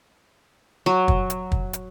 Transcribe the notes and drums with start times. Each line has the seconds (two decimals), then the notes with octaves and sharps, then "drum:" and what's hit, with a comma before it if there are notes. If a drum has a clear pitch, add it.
0.86 F#3
1.08 drum: kick
1.30 drum: hi-hat
1.52 drum: kick
1.73 drum: hi-hat